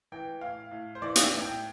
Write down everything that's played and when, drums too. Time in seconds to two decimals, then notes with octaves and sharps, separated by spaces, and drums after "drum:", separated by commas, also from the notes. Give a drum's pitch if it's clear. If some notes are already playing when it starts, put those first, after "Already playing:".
0.12 E3 G5
0.41 A2 F5
0.71 A2
0.95 C5
1.02 E3 D5
1.16 F5, drum: hi-hat
1.22 E5
1.32 A2
1.41 G5